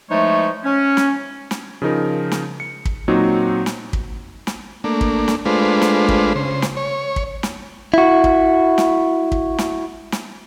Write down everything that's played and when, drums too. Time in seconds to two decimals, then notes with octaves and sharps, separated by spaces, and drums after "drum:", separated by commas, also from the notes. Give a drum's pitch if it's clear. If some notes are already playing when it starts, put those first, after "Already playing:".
0.10 E3 F3 G#3 A3 D#4 C#5
0.64 C#4
0.97 drum: snare
1.51 drum: snare
1.82 C#3 F3 D#4 A#4
2.32 drum: snare
2.60 C#7
2.85 drum: kick
3.08 A#2 F#3 C4 D#4 F#4
3.66 drum: snare
3.93 drum: kick
4.47 drum: snare
4.84 A3 A#3 D4
5.01 drum: kick
5.28 drum: snare
5.45 G#3 A3 D4 F4 B4 C5
5.82 drum: snare
6.08 drum: kick
6.35 C#3 C5
6.62 drum: snare
6.77 C#5
7.16 drum: kick
7.43 drum: snare
7.94 E4 F#4
8.24 drum: kick
8.78 drum: snare
9.32 drum: kick
9.58 drum: snare
10.12 drum: snare